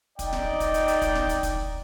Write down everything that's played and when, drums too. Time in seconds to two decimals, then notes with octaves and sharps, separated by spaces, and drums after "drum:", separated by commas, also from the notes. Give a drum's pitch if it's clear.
0.19 D#4 D5 D#5 G5, drum: kick, hi-hat
0.33 drum: snare D1
0.60 drum: kick, hi-hat
0.74 drum: hi-hat
0.88 drum: hi-hat
1.02 drum: kick, hi-hat
1.15 drum: snare D1
1.29 drum: hi-hat
1.43 drum: kick, hi-hat